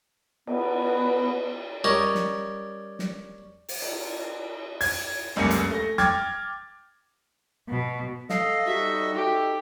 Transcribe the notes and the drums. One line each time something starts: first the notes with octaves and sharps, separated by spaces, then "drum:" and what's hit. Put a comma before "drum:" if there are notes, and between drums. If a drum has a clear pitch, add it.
B3, drum: cymbal
G3 C#4 A#4 D#5
drum: snare
drum: snare
drum: open hi-hat
drum: cymbal
G#6, drum: open hi-hat
F1 C#2 F#2 A#3 C#7
drum: hi-hat
A3 A#6
G5 D6 F6 G#6 A6, drum: snare
B2
A4 D#5 F5, drum: snare
G3 D#4 F#4 E5
D#4 G4 A4